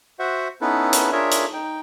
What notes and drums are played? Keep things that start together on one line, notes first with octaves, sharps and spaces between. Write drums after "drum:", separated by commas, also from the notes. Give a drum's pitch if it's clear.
F#4 C5 E5 F#5
B3 C#4 D#4 E4 A4 B4
drum: hi-hat
D4 F4 G#4 A#4 C#5 E5
drum: hi-hat
D#4 G5